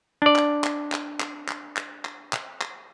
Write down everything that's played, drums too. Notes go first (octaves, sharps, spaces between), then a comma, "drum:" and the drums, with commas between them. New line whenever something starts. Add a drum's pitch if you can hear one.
D4 D5
drum: clap
drum: clap
drum: clap
drum: clap
drum: clap
drum: clap
drum: clap
drum: clap
drum: clap